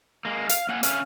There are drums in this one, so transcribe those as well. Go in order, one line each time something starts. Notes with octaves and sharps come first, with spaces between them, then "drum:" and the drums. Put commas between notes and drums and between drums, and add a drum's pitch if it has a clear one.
G#3 A#3
F5, drum: hi-hat
A#3 F5 F#5 G#5
C#4 E5 F5 G#5, drum: hi-hat